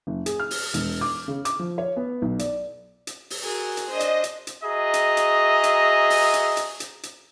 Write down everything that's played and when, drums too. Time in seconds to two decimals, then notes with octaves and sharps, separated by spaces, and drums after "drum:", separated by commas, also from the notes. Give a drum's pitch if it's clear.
0.07 F#1
0.26 G#4, drum: hi-hat
0.40 F6
0.51 drum: open hi-hat
0.74 E1, drum: hi-hat
1.01 D6
1.28 C#3
1.45 D6, drum: hi-hat
1.60 F3
1.78 C#5
1.97 B3
2.22 B1
2.39 D5, drum: hi-hat
3.07 drum: hi-hat
3.30 drum: open hi-hat
3.42 F#4 G#4 A#4
3.77 drum: hi-hat
3.89 D4 C5 D#5
4.00 drum: hi-hat
4.24 drum: hi-hat
4.47 drum: hi-hat
4.64 F#4 G#4 D#5 E5 A#5 D#6
4.94 drum: hi-hat
5.17 drum: hi-hat
5.63 drum: hi-hat
6.10 drum: open hi-hat
6.33 drum: hi-hat
6.57 drum: hi-hat
6.80 drum: hi-hat
7.03 drum: hi-hat